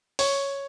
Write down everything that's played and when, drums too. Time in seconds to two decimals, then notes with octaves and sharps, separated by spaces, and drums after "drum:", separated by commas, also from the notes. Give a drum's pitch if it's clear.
0.19 C#5, drum: open hi-hat